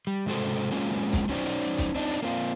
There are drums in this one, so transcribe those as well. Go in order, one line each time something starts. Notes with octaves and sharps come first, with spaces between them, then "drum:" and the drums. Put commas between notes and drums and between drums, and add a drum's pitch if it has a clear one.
G3
G#2 C3 G#3 F#4 A4 C5
F#3 G#3 A#3 C4 C#4 F4
drum: kick, hi-hat
F#3 C#4 D#4 C5 D5
drum: hi-hat
drum: hi-hat
drum: kick, hi-hat
C4 D4 D#4
drum: hi-hat
A#3 C4 F4